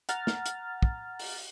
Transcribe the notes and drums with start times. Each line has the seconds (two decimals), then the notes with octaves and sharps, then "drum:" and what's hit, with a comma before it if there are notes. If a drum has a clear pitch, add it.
0.09 F#5 A#5 F6 A6, drum: hi-hat
0.27 drum: snare
0.46 drum: hi-hat
0.83 drum: kick
1.19 drum: open hi-hat